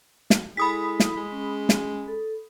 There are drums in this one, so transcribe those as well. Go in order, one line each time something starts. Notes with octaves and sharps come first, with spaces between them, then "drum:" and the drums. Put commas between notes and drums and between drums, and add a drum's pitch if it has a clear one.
drum: snare
G#3 E4 A4 B5 D#6 B6
drum: snare
G#3 G#4
C#4
drum: snare
A4